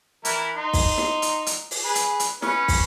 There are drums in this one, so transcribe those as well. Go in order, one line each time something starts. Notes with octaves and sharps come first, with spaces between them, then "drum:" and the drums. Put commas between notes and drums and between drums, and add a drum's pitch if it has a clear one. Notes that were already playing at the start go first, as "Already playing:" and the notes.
E3 E4 A#4, drum: hi-hat
D#4 C6
drum: kick, open hi-hat
drum: snare
drum: hi-hat
drum: hi-hat
drum: open hi-hat
G#4 B4
drum: hi-hat
drum: hi-hat
C#4 B4, drum: snare
drum: kick, open hi-hat